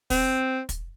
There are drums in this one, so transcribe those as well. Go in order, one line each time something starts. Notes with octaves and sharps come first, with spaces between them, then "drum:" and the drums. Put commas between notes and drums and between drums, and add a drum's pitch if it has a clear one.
C4, drum: kick, open hi-hat
drum: kick, hi-hat